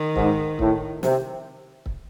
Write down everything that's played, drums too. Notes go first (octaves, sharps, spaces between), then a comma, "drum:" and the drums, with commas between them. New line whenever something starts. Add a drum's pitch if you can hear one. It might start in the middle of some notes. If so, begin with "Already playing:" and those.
Already playing: D#3
G#2, drum: kick
A2, drum: kick
C3, drum: snare
drum: kick